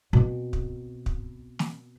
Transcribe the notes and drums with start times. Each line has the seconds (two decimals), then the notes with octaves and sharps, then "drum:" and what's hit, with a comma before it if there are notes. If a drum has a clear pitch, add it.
0.13 B2 C4
0.53 drum: kick
1.06 drum: kick
1.59 drum: snare